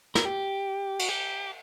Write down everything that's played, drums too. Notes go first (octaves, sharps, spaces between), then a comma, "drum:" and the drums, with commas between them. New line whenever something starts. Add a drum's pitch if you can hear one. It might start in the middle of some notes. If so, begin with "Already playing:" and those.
A#4, drum: snare
G4
F#4, drum: cymbal
G4